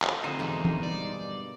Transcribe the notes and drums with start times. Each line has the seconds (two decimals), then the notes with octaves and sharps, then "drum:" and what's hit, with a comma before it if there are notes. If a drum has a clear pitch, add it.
0.02 F#4 C5 F#5, drum: clap
0.24 F1 D3 D#4 C5
0.39 E2 B2 G#3 A#3
0.65 drum: tom
0.83 G2 D5